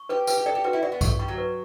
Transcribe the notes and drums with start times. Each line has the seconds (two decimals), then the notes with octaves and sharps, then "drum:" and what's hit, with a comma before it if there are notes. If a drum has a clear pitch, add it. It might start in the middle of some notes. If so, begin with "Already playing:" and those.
Already playing: C#6
0.09 G4 B4
0.27 G4 B4, drum: tambourine
0.37 G4
0.46 A4 D5
0.55 G4
0.64 F#4 B4
0.73 E4
0.83 F#4 D5
0.92 B3
1.01 A3 C#6, drum: kick B1, tambourine
1.19 G3 C#6
1.28 F#3
1.38 B4